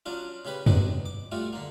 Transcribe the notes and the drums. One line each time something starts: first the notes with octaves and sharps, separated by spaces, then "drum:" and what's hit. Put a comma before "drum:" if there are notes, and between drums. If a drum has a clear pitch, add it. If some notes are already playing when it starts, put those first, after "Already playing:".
F#3 C#4 D4 F4
C#3 C#4 G4 B4 B5
F#3 G#3 B3 D4 F#4 G4, drum: tom
D6
G3 A3 F4 F#4
D3 A#3